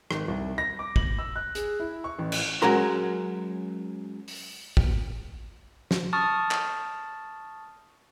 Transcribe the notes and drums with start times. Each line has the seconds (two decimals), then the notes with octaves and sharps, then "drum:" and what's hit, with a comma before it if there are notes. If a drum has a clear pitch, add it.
0.11 G#1, drum: rim click
0.28 C2
0.58 A#6
0.79 D6
0.96 F#7, drum: kick
1.19 E6
1.36 F#6
1.55 G#4, drum: hi-hat
1.80 E4
2.04 C#6
2.19 A1
2.32 drum: cymbal
2.62 F#3 G#3 C#4 A#4 C6
4.28 drum: open hi-hat
4.77 drum: kick
5.91 drum: snare
6.13 A5 C#6 D#6 F6 A6
6.51 drum: clap